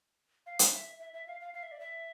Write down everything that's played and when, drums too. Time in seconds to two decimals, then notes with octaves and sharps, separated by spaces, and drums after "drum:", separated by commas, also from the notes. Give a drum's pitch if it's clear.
0.46 F5
0.59 drum: hi-hat
0.73 E5
1.00 E5
1.14 E5
1.28 F5
1.40 F5
1.54 F5
1.63 E5
1.72 D5
1.80 E5